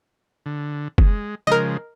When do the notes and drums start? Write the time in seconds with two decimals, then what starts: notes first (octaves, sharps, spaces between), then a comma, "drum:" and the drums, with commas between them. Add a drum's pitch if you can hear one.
0.46 D3
0.98 G#3, drum: kick
1.47 C#3 F3 G#3 A#4 D#5